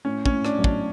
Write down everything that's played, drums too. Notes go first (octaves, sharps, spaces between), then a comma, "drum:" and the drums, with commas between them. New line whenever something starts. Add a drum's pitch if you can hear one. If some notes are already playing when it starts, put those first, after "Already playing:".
A2 C#4
C#4, drum: kick
A2
D4, drum: rim click
B1
D4, drum: kick